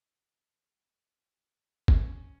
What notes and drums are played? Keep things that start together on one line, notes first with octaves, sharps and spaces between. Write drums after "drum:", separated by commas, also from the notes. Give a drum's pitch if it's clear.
C#4, drum: kick G1